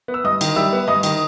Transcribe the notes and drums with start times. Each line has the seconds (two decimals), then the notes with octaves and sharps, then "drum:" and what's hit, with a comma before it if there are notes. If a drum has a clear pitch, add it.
0.08 B3
0.14 E6
0.24 G2 D#5 D#6
0.41 D#3, drum: cymbal
0.56 G3 E5 E6
0.73 B3
0.88 G2 D#5 D#6
1.03 D#3, drum: cymbal